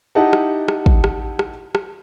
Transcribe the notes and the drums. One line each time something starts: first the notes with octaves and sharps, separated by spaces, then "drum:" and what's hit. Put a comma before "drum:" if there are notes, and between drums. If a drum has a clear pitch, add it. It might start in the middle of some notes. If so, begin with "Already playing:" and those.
D#4 E4 G4 D#5 F#5 A5
drum: rim click
drum: rim click
drum: kick
drum: rim click
drum: rim click
drum: rim click